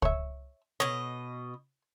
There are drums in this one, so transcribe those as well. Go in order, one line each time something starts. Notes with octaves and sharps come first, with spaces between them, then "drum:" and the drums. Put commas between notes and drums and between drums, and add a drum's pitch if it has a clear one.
C#5 E5, drum: kick C#2
B2 C#5 D#5